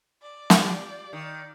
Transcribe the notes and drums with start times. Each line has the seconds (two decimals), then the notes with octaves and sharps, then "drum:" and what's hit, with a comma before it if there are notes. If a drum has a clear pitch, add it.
0.22 D5
0.50 drum: snare
0.60 F4 G4
1.13 D#3